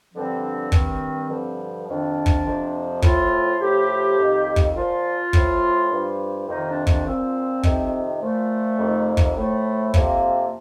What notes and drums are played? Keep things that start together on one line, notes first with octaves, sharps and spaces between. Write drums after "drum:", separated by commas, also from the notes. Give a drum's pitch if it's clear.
G2 D3 F3 C4
G2 D#3, drum: kick
G2 D3 F3
F2 C3 D#3 D4
drum: kick
F2 C3 F3
A2 F3 F4, drum: kick
A2 F3 G4
F2 D#3
drum: kick
A#2 F3 F4
A2 F3, drum: kick
G2 F3
F2 C3 D#3 D#4
D4
D4, drum: kick
A#2 F3 C4
F2 C3 D#3, drum: kick
A#2 F3 A3
F2 C3 D#3
drum: kick
A2 F3 A3
F2 C3 F3 A#3, drum: kick